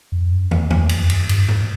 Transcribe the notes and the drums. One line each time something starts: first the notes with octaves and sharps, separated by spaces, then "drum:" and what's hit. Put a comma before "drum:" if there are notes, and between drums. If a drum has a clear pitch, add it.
F2
F#2
E2, drum: tom
E2, drum: tom
F2, drum: cymbal
F2
F#2, drum: cymbal
G2, drum: cymbal
G#2, drum: tom G#2